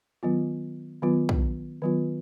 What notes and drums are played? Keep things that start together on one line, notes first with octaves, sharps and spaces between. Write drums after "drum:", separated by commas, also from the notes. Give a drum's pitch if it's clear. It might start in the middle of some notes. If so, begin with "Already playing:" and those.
D#3 F#3 B3 F4
D#3 F#3 B3 F4
drum: kick
D#3 F#3 B3 F4